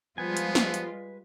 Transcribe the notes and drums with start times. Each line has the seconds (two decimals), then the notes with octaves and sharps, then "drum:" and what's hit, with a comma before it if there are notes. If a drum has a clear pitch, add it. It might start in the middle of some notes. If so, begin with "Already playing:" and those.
0.18 F3 G3 G#3 B3 F4 B4 G#5
0.37 drum: hi-hat
0.55 drum: snare
0.74 drum: hi-hat